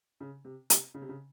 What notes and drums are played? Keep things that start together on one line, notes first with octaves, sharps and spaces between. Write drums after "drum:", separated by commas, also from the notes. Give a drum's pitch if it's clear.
C#3
C3
C3, drum: hi-hat
C#3
C3
C#3